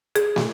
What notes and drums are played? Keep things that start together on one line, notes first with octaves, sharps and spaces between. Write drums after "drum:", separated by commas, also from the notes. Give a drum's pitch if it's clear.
G#4, drum: hi-hat
drum: snare